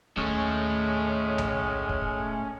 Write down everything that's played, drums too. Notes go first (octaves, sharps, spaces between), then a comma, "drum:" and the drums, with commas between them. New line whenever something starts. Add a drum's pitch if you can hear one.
D#2 A2 G#3 A3 C#4
drum: tom B1
drum: kick